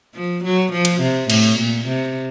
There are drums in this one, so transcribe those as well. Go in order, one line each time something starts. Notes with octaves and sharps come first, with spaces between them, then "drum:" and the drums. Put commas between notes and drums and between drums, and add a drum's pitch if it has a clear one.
F3
F#3
F3
drum: cymbal
C3
A2, drum: cymbal
A#2
C3